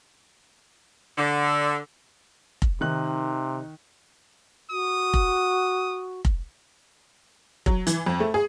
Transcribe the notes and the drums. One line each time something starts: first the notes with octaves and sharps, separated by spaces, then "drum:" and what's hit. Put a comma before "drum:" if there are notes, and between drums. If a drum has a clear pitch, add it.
D3
drum: kick F1
C3 D#3 D#4 F#6
F#4 D#6
drum: kick F1
drum: kick F1
F#3, drum: kick F1
E3, drum: hi-hat
F2
A3
G#4